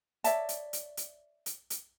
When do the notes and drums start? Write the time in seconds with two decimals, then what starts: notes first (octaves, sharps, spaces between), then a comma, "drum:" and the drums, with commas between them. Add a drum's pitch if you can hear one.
0.24 C#5 D5 E5 A5, drum: hi-hat
0.49 drum: hi-hat
0.73 drum: hi-hat
0.97 drum: hi-hat
1.46 drum: hi-hat
1.70 drum: hi-hat